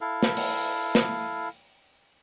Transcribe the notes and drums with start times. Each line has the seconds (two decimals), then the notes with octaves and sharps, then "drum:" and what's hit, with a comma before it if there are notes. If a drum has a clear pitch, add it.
0.01 E4 A4 F5
0.23 drum: snare
0.37 drum: open hi-hat
0.95 drum: snare